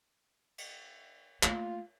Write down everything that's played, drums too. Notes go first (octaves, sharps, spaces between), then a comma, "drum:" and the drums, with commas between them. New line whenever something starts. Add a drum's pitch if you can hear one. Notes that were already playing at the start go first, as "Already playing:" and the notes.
drum: cymbal
A3 A#3 F4, drum: clap